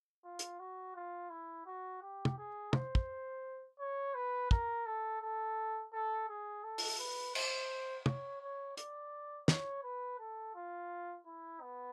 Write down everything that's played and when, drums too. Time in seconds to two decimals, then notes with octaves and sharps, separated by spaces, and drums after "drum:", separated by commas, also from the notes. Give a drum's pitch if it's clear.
0.25 F4
0.39 drum: hi-hat
0.60 F#4
0.96 F4
1.30 E4
1.66 F#4
2.02 G4
2.25 drum: tom
2.38 G#4
2.73 C5, drum: tom
2.95 drum: kick
3.80 C#5
4.15 B4
4.51 A#4, drum: kick
4.86 A4
5.22 A4
5.92 A4
6.29 G#4
6.63 A4
6.78 drum: open hi-hat
6.99 B4
7.35 C5, drum: cymbal
8.06 C#5, drum: tom
8.42 C#5
8.78 D5, drum: hi-hat
9.48 C#5, drum: snare
9.84 B4
10.19 A4
10.55 F4
11.26 E4
11.61 B3